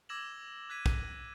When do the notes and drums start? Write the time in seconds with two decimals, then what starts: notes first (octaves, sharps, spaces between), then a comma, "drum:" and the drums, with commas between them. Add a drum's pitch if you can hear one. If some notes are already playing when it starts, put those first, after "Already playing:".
0.09 D6 E6 G#6 A#6 E7 F#7
0.70 F#6 G#6 B6 D#7
0.86 drum: kick